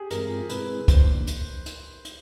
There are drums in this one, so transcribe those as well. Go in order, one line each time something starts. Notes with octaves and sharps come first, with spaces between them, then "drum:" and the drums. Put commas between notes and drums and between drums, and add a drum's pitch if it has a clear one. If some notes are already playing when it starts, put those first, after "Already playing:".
Already playing: G4 G#4
G2 E3 G#3 C4 F4 A#4, drum: hi-hat
B2 G#3 C4 E4 G#4 B4, drum: hi-hat
D3 F3 A#3 D4 C5, drum: kick C#2, hi-hat
drum: hi-hat
drum: hi-hat
drum: hi-hat